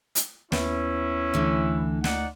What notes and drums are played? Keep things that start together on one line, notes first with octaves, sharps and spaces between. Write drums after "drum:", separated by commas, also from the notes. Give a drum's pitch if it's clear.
drum: hi-hat
D#2 B3 C#4 E4 B4, drum: snare
D2 D3 E3 A3
D#4 D5 F#5, drum: snare